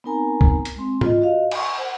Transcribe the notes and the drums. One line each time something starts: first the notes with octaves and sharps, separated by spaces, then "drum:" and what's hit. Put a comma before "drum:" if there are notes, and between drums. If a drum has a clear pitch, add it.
B3 C4 D#4 A#4 G#5 A#5
drum: kick
drum: hi-hat
G#3 C4
F4 D#5, drum: tom
F#4 D#5 F5
G#5 C#6, drum: cymbal
C5 F#5